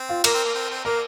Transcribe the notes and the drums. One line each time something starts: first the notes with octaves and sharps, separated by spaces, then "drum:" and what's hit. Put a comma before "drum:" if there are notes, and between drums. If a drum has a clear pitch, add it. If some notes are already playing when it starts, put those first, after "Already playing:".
Already playing: C4
F4
A#3 A#4, drum: cymbal
C4
A#3
C4
C4
A#3 A#4